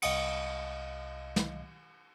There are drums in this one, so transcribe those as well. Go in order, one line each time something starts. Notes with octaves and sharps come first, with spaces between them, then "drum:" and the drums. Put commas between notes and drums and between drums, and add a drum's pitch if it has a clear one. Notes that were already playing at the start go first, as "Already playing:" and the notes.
C2 D#5 F5 D#6 C#7, drum: cymbal
drum: snare